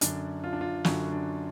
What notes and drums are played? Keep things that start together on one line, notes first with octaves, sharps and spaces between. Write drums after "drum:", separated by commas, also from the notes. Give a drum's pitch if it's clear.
F#2 D3 D4, drum: hi-hat
F4
D4
F4
F#2 D3 F#4, drum: snare
D4